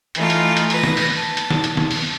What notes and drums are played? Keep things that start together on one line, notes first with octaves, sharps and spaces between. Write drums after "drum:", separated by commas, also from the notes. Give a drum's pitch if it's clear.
E3 A3 D#4 F4, drum: hi-hat
drum: hi-hat
drum: hi-hat
B4 A#6, drum: hi-hat
drum: snare
drum: open hi-hat
A5
drum: hi-hat
drum: snare
drum: hi-hat
drum: snare
drum: open hi-hat